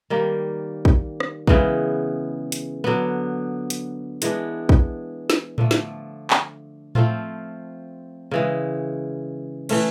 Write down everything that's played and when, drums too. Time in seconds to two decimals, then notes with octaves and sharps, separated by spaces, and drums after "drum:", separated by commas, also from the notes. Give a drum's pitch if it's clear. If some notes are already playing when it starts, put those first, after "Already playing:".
0.10 D#3 G3 A#3
0.85 drum: kick
1.20 drum: rim click
1.47 C#3 E3 G#3 B3, drum: kick
2.52 drum: hi-hat
2.84 D3 F#3 B3
3.70 drum: hi-hat
4.22 E3 G#3 B3 D4, drum: hi-hat
4.69 drum: kick
5.30 drum: snare
5.58 D3 F3 A3, drum: tom A2
5.71 drum: snare
6.30 drum: clap
6.95 F3 A3 C4 F4, drum: tom A2
8.31 C#3 E3 G#3
9.69 E3 A3 C#4, drum: cymbal